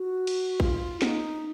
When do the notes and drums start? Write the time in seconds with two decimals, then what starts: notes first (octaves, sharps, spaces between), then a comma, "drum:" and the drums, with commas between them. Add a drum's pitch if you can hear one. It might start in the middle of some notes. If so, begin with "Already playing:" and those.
Already playing: F#4
0.27 drum: cymbal
0.60 F4, drum: kick
1.02 D#4, drum: snare